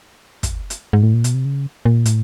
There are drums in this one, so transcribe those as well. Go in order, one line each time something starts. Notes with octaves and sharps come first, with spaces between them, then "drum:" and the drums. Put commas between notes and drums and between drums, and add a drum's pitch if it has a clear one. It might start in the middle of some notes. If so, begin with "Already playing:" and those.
drum: kick, hi-hat
drum: hi-hat
G#2
A2
A#2
B2, drum: hi-hat
C3
C#3
A#2
A2, drum: hi-hat